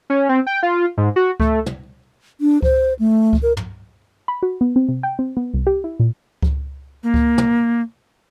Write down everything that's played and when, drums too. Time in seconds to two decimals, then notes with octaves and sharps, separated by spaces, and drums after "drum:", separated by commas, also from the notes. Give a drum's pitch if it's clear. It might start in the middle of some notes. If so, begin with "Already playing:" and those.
0.10 C#4
0.29 C4
0.47 G5
0.63 F4
0.97 G#2
1.16 F#4
1.40 A3, drum: kick C#2
1.66 drum: tom
2.41 D4
2.62 C5, drum: kick C#2
2.99 A3
3.33 drum: kick C#2
3.42 A#4
3.57 drum: tom
4.28 B5
4.43 F#4
4.61 B3
4.76 C4
4.88 C3
5.03 G5
5.19 C4
5.37 B3
5.54 C2
5.67 G4
5.84 E4
6.00 A#2
6.43 drum: kick C#2
7.03 A#3
7.14 drum: kick C#2
7.38 drum: tom